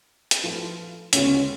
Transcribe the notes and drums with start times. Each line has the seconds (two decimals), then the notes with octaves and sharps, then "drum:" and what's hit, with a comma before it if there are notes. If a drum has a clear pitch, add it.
0.31 drum: hi-hat
0.44 F3 A3 F4 B4
1.13 D2 C#3 G#3 B3 C#4 F4, drum: hi-hat